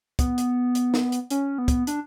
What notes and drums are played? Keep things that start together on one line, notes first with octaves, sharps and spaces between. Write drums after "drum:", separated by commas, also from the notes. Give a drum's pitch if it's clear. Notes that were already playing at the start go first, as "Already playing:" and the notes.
B3, drum: kick, hi-hat
drum: hi-hat
drum: hi-hat
drum: snare
drum: hi-hat
C#4, drum: hi-hat
B3
drum: kick, hi-hat
D4, drum: hi-hat